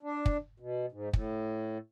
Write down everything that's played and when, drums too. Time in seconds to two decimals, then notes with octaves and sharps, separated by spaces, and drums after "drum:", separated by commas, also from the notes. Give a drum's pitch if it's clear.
0.03 D4
0.26 drum: kick
0.60 B2
0.92 G#2
1.13 A2, drum: kick